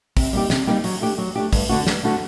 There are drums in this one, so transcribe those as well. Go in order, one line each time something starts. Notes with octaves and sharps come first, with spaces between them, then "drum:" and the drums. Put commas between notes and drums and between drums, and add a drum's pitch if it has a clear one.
C3, drum: kick, open hi-hat
G3 A#3 D#4 G4
C3, drum: snare
G3 A#3 D#4 G4
F#3, drum: open hi-hat
A3 D4 G4
F#3
A3 D4 G4
G2, drum: kick, open hi-hat
D3 A3 D4 F#4
G2, drum: snare
D3 A3 D4 F#4